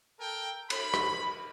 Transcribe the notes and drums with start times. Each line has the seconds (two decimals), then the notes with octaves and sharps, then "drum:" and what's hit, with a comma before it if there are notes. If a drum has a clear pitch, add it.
0.18 A4 A#4 G5
0.70 B5, drum: cymbal
0.94 drum: rim click